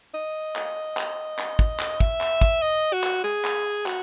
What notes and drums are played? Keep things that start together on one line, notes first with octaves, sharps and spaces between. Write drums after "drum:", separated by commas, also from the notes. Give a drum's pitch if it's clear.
D#5
drum: clap
drum: clap
drum: clap
drum: kick
drum: clap
E5, drum: kick
drum: clap
drum: kick
D#5
F#4
drum: clap
G#4
drum: clap
F#4, drum: clap